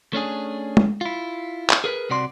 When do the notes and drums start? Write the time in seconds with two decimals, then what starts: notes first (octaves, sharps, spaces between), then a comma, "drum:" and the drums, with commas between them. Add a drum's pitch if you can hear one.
0.13 A3 C#4 D4 G#4
0.77 drum: tom G#3
1.01 E4 F4
1.69 drum: clap
1.84 G#4 A#4 B4
2.09 C2 C3 F#4 D5 C6